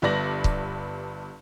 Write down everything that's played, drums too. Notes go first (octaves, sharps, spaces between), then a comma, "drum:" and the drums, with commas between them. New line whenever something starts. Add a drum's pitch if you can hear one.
G1 G2 B3 D5 A#6 F#7
drum: kick